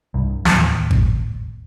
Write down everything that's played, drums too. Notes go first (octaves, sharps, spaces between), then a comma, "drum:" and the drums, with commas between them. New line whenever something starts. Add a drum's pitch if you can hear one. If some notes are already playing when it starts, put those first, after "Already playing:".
C2 G2
D1 D#2, drum: snare
drum: kick G#1